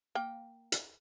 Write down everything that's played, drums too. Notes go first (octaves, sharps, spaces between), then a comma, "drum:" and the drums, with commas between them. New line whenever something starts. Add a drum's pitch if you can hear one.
A#3 G5
drum: hi-hat